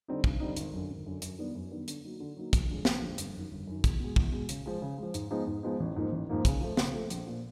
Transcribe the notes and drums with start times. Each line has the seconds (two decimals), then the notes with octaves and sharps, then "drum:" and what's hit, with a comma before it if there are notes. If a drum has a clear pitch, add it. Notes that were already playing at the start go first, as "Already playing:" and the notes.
0.08 D3 G3 C4 D#4
0.24 G2, drum: kick
0.40 D3 G3 C4 D#4
0.57 G#1, drum: hi-hat
0.73 F#2 D3
0.90 G#1
1.06 F#2 D3
1.22 F#2, drum: hi-hat
1.39 D#3 G3 B3 D4
1.55 F#2
1.71 D#3 G3 B3 D4
1.88 D3, drum: hi-hat
2.04 F#3 A#3 D#4
2.20 D3
2.37 F#3 A#3 D#4
2.53 F1, drum: kick, hi-hat
2.69 F2 D3 F3 G#3
2.85 F1, drum: snare
3.02 F2 D3 F3 G#3
3.18 G1, drum: hi-hat
3.35 F#2 D#3
3.51 G1
3.67 F#2 D#3
3.84 E2, drum: kick, hi-hat
4.00 B2 G#3
4.16 E2, drum: kick
4.32 B2 G#3
4.49 C#3, drum: hi-hat
4.66 F3 G#3
4.82 C#3
4.98 F3 G#3
5.14 G#2, drum: hi-hat
5.31 F3 G#3 B3 D#4
5.47 G#2
5.63 F3 G#3 B3 D#4
5.80 A1
5.96 G#2 F3 A#3 D#4
6.12 A1
6.29 G#2 F3 A#3 D#4
6.45 C#3, drum: kick, hi-hat
6.61 F3 A3
6.77 C#3, drum: snare
6.94 F3 A3
7.10 A#1, drum: hi-hat
7.27 A#2 F3